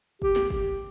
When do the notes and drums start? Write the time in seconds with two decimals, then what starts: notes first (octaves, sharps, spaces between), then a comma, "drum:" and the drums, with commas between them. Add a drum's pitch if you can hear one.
0.22 G4, drum: kick
0.36 drum: snare
0.50 drum: kick